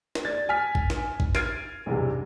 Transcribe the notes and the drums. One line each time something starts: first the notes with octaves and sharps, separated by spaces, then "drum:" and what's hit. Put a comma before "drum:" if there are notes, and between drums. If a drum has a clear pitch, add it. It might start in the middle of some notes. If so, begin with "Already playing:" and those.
drum: snare
D5 G#6 A6
G#5 F6 B6
drum: kick G#1
drum: snare
drum: kick G#1
F6 G#6 A6 C7 D7 D#7, drum: snare
B1 E2 G2 C3